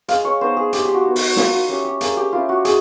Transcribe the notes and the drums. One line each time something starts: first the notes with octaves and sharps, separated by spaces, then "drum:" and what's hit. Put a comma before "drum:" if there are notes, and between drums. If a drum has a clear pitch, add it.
G#3 F5, drum: hi-hat
C#5
B3 D#4 C5
G#4
G#3 G4, drum: hi-hat
G4
F#4
B3 D#4
F#4, drum: open hi-hat
A#3 F4, drum: snare
F#4
C#4 E4 G4
G4
A#3 G#4, drum: hi-hat
G4
C#4 E4 F4
F#4
G#3 G#4, drum: hi-hat